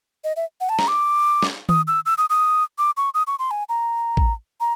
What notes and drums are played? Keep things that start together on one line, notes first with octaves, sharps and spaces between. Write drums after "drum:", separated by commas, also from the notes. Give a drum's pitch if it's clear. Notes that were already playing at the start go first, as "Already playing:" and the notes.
D#5
E5
F#5
A5
A#5, drum: snare
D6
drum: snare
D#6, drum: tom D#3
E6
E6
D#6
D#6
D6
C#6
D#6
C#6
C6
G#5
A#5
drum: kick A1
A#5